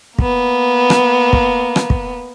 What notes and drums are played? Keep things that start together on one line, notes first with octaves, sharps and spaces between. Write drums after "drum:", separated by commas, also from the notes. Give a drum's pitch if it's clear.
A#3 B3, drum: kick
drum: rim click
drum: kick
drum: rim click
drum: kick